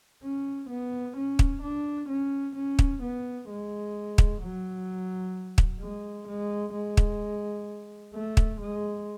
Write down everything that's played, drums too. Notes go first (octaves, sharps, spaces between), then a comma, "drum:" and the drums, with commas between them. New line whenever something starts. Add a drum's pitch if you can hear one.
C#4
B3
C#4
drum: kick
D4
C#4
C#4
drum: kick
B3
G#3
drum: kick
F#3
drum: kick
G#3
G#3
G#3
drum: kick
A3
drum: kick
G#3